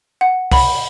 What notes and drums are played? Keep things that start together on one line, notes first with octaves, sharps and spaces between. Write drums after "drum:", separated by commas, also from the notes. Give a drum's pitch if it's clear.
F#5
F#5 B5, drum: kick C2, open hi-hat